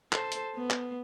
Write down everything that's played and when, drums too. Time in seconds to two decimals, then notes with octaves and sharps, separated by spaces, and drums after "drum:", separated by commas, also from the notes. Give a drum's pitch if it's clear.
0.12 A4 C5, drum: clap
0.32 drum: hi-hat
0.56 B3
0.70 drum: clap